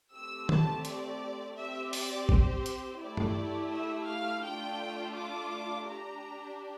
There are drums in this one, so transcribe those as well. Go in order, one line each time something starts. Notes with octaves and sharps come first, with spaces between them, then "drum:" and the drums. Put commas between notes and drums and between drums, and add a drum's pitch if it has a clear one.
A3 C4 G4 E6
A5, drum: tom D#3
D5, drum: hi-hat
C4 G4 E5
D5, drum: open hi-hat
C5, drum: kick
drum: hi-hat
A3 E4 G4 D5
drum: tom G2
E5
F5
A3 D4 F4 G5
D6
D4 G4 A#5